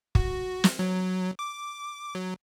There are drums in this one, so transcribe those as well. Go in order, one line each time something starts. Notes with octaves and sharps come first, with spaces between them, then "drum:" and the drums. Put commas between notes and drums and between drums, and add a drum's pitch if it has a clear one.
F#4, drum: kick
drum: snare
F#3
D6
F#3